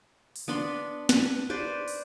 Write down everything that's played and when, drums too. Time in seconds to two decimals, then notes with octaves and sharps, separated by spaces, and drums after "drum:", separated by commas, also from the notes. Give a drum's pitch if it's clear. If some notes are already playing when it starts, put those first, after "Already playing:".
0.36 drum: open hi-hat
0.48 B3 D4 B5 C6
1.09 B4, drum: snare
1.50 B4 C5 D5
1.88 drum: open hi-hat